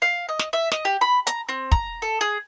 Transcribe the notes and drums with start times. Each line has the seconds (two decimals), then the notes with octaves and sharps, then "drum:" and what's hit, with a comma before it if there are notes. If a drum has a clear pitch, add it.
0.02 F5
0.29 D#5
0.39 drum: snare
0.53 E5
0.72 D#5, drum: snare
0.85 G4
1.01 B5
1.27 A#5, drum: hi-hat
1.49 C4
1.72 A#5, drum: kick
2.02 A4
2.21 G#4